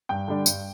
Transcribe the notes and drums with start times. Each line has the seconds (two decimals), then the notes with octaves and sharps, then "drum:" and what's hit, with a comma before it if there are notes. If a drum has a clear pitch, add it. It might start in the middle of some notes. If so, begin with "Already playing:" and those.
0.09 G2 G5
0.28 D3 G3 D4
0.46 G2, drum: tambourine